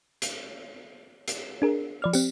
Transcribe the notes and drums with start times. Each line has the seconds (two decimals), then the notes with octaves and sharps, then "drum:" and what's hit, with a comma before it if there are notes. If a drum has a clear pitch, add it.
0.22 drum: hi-hat
1.28 drum: hi-hat
1.62 D4 G#4 A#4
2.02 F3 D5 F6
2.13 C4 G4, drum: tambourine